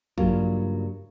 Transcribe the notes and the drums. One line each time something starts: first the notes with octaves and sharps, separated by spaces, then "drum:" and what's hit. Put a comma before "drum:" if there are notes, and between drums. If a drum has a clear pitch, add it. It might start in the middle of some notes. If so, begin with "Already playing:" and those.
G2 C#3 F#3 G3 A#3 F4, drum: kick